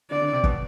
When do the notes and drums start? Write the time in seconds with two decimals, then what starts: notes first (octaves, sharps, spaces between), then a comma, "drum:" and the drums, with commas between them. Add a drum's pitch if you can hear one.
0.11 D3 D5
0.22 D3
0.33 C3
0.44 B2, drum: kick